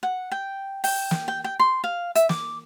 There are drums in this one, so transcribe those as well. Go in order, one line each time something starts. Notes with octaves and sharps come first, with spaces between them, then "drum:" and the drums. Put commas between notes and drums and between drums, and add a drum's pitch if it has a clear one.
F#5
G5
G5, drum: open hi-hat
drum: snare
G5
G5
C6
F5
E5, drum: hi-hat
D6, drum: snare